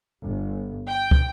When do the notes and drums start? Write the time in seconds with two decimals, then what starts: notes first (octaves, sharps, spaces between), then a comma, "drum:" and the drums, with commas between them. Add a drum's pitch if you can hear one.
0.23 G1
0.90 G5
1.11 drum: kick